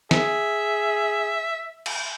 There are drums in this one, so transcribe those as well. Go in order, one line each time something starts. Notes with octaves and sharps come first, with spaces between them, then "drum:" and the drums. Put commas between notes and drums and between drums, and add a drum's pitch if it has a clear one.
G#4 E5, drum: snare
drum: cymbal